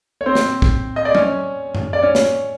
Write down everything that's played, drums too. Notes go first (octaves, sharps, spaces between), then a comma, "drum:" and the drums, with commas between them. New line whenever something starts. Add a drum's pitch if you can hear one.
C#5
C4 C5
drum: snare
drum: kick
D#5
D5
C#4 C#5, drum: tom F#3
drum: tom F#2
D5
C#4 C#5
drum: snare